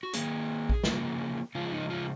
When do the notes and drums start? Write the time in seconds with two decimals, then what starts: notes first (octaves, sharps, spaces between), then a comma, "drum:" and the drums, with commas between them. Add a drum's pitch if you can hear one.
0.03 F#4
0.13 D#3 A#3 G#4, drum: hi-hat
0.69 drum: kick A#1
0.84 C#3 F3 A#3, drum: snare
1.55 C#3 F3 G#3 F4
1.72 D#4
1.90 F4